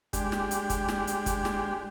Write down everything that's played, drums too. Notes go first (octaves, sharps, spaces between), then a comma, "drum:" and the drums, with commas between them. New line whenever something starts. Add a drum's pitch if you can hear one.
G#3 D4 G4, drum: kick, hi-hat
drum: snare
drum: hi-hat
drum: kick, hi-hat
drum: snare
drum: hi-hat
drum: kick, hi-hat
drum: snare